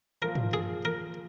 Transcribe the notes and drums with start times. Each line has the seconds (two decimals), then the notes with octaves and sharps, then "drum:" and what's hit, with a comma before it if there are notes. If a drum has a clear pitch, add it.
0.21 F3 A#3 F4 A#4
0.35 drum: tom
0.53 G#4
0.85 A#4